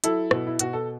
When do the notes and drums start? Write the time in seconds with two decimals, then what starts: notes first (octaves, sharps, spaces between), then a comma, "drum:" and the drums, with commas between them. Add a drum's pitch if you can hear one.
0.04 F#3 E4 A4, drum: hi-hat
0.31 B2, drum: rim click
0.47 E4
0.59 B2 F#4, drum: hi-hat
0.73 A4